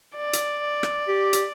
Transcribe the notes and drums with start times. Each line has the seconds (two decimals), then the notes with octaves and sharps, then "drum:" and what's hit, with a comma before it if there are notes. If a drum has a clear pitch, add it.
0.17 D5
0.33 drum: hi-hat
0.83 drum: rim click
1.08 G4
1.33 drum: hi-hat